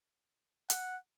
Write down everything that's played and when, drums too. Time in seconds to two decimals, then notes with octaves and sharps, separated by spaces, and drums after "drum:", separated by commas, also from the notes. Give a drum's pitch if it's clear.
0.70 F#5, drum: hi-hat